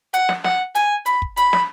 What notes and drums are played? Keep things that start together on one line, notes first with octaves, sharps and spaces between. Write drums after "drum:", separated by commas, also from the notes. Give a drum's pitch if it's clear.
F#5, drum: hi-hat
drum: snare
F#5, drum: snare
G#5, drum: hi-hat
B5, drum: hi-hat
drum: kick
B5, drum: hi-hat
drum: snare